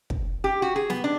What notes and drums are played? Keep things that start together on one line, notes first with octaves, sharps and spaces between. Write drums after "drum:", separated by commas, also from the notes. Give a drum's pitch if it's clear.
drum: kick
G4
F#4
G#4
B3, drum: snare
D4